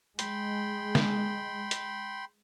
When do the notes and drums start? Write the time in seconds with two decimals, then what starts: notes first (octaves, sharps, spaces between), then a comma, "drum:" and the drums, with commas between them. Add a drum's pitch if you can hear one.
0.19 G#3 G5 B5 C6, drum: hi-hat
0.95 drum: snare
1.71 drum: hi-hat